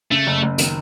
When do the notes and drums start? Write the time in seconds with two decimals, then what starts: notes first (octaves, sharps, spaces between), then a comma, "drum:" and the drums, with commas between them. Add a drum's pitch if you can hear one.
0.11 C#3 A3
0.27 F#1
0.43 F#1
0.58 D#3, drum: hi-hat